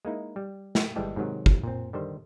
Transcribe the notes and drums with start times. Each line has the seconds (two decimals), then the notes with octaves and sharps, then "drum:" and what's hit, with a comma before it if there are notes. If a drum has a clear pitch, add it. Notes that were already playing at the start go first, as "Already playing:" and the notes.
0.05 G#3 A#3 D#4 E4
0.36 G3
0.75 drum: snare
0.96 G1 E3 G3 G#3 G5 A5
1.16 G#2 C3 D#3 F#3
1.46 drum: kick
1.64 A#2 C4
1.93 D3 D#3 G3 C5